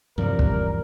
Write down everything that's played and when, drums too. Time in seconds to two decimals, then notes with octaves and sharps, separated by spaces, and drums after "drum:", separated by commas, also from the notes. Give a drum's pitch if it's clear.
0.18 E2 G2 C3 F3 G3 A#4 D5
0.39 drum: kick